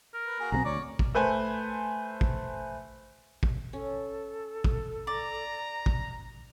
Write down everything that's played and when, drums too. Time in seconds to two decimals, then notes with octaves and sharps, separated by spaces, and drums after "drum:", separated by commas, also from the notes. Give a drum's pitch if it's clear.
0.14 A#4
0.26 B4
0.40 A#3 F#4 G#4
0.52 B1 G3 C4 A#5
0.65 D2 C#5 D5
0.99 drum: kick
1.15 A3 B4 C5 G#5
2.21 drum: kick
3.43 drum: kick
3.73 C#4 A4
4.64 drum: kick
5.07 D5 A#5
5.86 drum: kick